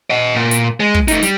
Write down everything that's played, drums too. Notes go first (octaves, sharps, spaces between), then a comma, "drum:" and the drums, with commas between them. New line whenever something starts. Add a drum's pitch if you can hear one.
D#5 F#5
A#2
drum: hi-hat
G#3
drum: kick
A3 D#4, drum: hi-hat
G3, drum: hi-hat